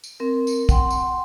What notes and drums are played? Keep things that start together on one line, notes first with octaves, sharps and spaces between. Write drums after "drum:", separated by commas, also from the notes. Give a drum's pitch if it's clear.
drum: tambourine
C4 A#4
drum: tambourine
F#5 G5 C6, drum: kick, tambourine
drum: tambourine